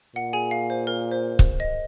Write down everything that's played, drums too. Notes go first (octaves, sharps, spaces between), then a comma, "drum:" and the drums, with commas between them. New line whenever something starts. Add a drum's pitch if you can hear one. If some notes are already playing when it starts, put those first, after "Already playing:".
A#2 F#5
G#4 G#5
F5
C5
A#4
C5
drum: kick
D#5